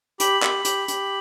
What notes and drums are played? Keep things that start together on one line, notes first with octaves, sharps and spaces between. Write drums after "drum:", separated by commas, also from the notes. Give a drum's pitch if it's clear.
G4 B5, drum: hi-hat
G4, drum: clap
G4, drum: hi-hat
G4, drum: hi-hat